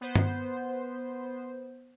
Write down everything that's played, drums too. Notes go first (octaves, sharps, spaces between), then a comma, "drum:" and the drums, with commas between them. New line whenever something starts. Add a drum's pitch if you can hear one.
B3 C5
drum: tom G2